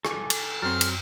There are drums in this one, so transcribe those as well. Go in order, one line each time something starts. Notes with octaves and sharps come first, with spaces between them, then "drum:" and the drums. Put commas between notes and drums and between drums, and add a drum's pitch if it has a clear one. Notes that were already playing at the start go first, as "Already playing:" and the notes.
A4 G#5 D6, drum: rim click
drum: cymbal
F#2 F#3 C4 F6
drum: cymbal